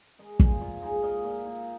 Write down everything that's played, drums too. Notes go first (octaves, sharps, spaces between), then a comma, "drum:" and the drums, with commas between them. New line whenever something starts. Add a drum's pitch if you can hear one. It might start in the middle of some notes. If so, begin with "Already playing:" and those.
G#3 A#4 D#5
A#2 G#4 C5, drum: kick
A#2 F4 A#4
G#3 D#4 G#4
A#2 A#4 D#5
A#2
A#2